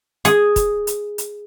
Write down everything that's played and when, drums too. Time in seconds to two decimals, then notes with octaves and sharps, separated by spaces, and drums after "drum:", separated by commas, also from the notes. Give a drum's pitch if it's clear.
0.25 G#4, drum: hi-hat
0.56 drum: kick, hi-hat
0.87 drum: hi-hat
1.18 drum: hi-hat